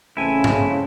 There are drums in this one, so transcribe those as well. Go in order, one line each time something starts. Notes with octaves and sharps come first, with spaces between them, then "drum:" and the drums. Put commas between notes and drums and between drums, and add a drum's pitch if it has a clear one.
A1 C#3 A3 C4 E4 A4 G#5
drum: tom G2